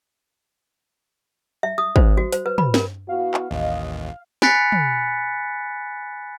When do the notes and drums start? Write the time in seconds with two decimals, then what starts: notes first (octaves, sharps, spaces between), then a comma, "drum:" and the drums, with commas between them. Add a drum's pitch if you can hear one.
1.63 E5
1.78 D#6
1.96 C5, drum: kick G#1
2.17 F#4
2.33 C5, drum: hi-hat
2.46 B4
2.58 B5, drum: tom
2.74 A#4, drum: snare
3.09 B3 E4 F#4 F5
3.34 drum: clap
3.51 A1 D#2 D#5
4.42 G#5 B5 F#6 A6 B6 C#7, drum: snare
4.72 drum: tom